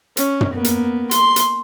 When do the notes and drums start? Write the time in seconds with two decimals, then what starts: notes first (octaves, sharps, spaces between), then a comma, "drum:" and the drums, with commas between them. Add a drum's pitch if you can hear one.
0.17 C#4, drum: hi-hat
0.41 drum: tom
0.53 A#3 B3
0.64 drum: hi-hat
1.11 C6, drum: hi-hat
1.36 drum: hi-hat